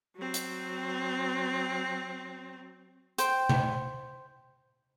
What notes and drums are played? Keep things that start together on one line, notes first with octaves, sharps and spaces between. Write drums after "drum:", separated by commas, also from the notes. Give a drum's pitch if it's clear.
F#3 C4
drum: hi-hat
C5 G5, drum: hi-hat
drum: tom C3